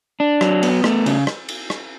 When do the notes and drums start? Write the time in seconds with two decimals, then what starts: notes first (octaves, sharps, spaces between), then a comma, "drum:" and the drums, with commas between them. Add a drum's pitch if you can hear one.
0.20 D4
0.41 F#3, drum: rim click
0.63 B3, drum: cymbal
0.84 A3, drum: rim click
1.06 C#3, drum: cymbal
1.27 drum: rim click
1.49 drum: cymbal
1.70 drum: rim click